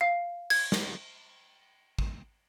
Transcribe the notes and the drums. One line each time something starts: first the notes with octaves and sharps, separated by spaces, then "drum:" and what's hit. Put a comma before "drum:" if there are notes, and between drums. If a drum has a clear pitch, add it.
F5
G#6, drum: cymbal
drum: snare
drum: kick G#1